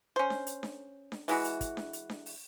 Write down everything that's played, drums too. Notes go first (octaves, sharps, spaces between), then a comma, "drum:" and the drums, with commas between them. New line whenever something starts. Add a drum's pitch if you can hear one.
C#4 C5
drum: snare D4
drum: hi-hat
drum: snare D4
drum: snare D4
E3 G#3 E4 F#4, drum: open hi-hat
drum: hi-hat
drum: kick, hi-hat
drum: snare D4
drum: hi-hat
drum: snare D4
drum: open hi-hat